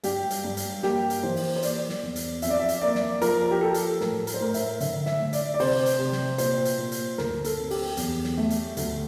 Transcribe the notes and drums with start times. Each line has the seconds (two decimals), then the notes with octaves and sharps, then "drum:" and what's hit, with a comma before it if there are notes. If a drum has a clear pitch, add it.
0.03 G2 G4, drum: hi-hat
0.31 drum: hi-hat
0.44 G2
0.57 drum: hi-hat
0.83 A#3 G4, drum: snare
1.10 drum: hi-hat
1.23 E3 C5
1.36 drum: open hi-hat
1.56 C5
1.63 A#3 D5, drum: hi-hat
1.89 drum: snare
2.03 E2
2.16 drum: hi-hat
2.42 F2 E5, drum: hi-hat
2.50 D5
2.59 E5
2.69 drum: hi-hat
2.81 A#3 D5
2.95 drum: snare
3.21 F3 A#4, drum: hi-hat
3.51 G4
3.61 F3 A4
3.74 drum: hi-hat
4.01 A2 A#4, drum: snare
4.27 A#4, drum: hi-hat
4.34 C5
4.40 A2 A#4
4.54 E5, drum: hi-hat
4.80 D3 E5, drum: hi-hat
5.06 E5, drum: snare
5.19 A3
5.33 D5, drum: hi-hat
5.54 D5
5.60 C3 C5, drum: open hi-hat
5.86 drum: hi-hat
5.99 C3
6.12 drum: snare
6.38 A#2 C5, drum: hi-hat
6.65 drum: hi-hat
6.78 A#2
6.92 drum: hi-hat
7.18 D2 A#4, drum: snare
7.44 A4, drum: hi-hat
7.57 C4
7.70 G4, drum: open hi-hat
7.97 E2, drum: hi-hat
8.24 drum: snare
8.37 A3
8.50 drum: hi-hat
8.77 D2, drum: hi-hat